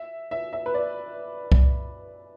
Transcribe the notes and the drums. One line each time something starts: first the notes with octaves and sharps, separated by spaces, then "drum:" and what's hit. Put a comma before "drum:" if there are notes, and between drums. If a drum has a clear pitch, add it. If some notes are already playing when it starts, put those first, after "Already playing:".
Already playing: E5
E5
E5
B4
D5
drum: kick C2